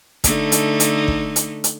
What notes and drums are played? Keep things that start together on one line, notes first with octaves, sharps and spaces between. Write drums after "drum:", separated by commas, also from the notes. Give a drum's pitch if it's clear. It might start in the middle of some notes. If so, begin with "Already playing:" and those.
D3 A3 D#4, drum: kick, hi-hat
drum: hi-hat
drum: hi-hat
drum: kick
drum: hi-hat
drum: hi-hat